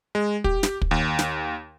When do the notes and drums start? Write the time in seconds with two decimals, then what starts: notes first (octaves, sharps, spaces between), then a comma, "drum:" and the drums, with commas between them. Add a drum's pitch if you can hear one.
0.15 G#3
0.44 G4, drum: kick
0.63 drum: snare
0.82 drum: kick
0.91 D#2
1.19 drum: snare